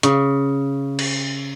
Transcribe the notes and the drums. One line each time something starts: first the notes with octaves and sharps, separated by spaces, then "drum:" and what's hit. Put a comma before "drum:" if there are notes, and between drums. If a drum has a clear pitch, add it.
C#3, drum: hi-hat
drum: cymbal